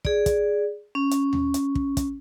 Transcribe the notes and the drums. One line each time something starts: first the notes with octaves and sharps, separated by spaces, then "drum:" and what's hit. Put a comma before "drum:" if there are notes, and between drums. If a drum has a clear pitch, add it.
G#4 D5, drum: kick
drum: kick, hi-hat
C#4
drum: hi-hat
drum: tom D#2
drum: hi-hat
drum: kick
drum: kick, hi-hat